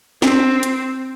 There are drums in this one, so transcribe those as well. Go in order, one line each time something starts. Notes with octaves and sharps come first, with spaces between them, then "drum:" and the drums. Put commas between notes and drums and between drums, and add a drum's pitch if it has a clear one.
C4, drum: snare D4
drum: hi-hat